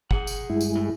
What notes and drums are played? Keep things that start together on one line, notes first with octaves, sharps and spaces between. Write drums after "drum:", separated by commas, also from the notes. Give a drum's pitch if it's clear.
G#4 F#5, drum: kick
drum: tambourine
G2 G#3 E4
drum: tambourine
A2